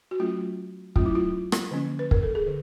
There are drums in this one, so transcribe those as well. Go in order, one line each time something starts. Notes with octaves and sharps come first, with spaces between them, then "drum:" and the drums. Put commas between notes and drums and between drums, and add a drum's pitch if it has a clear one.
F#4
F#3 A3 C#4 F4
F#3 A3 C#4 F4, drum: kick
E4
F4
drum: rim click
D3 F3 A#3 C#4
B4
A#4, drum: kick
A4
G#4
D3